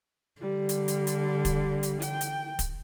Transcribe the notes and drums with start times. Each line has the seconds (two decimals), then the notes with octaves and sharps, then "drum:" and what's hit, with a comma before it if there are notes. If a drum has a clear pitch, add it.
0.42 D3 G3
0.69 drum: hi-hat
0.88 drum: hi-hat
1.07 drum: hi-hat
1.45 drum: kick, hi-hat
1.83 drum: hi-hat
2.02 G5, drum: hi-hat
2.21 drum: hi-hat
2.59 drum: kick, hi-hat